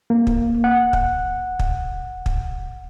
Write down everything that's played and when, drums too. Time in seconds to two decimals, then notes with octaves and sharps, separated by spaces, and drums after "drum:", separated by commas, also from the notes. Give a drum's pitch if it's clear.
0.10 A#3
0.27 drum: kick
0.64 F#5
0.93 drum: kick
1.59 drum: kick
2.26 drum: kick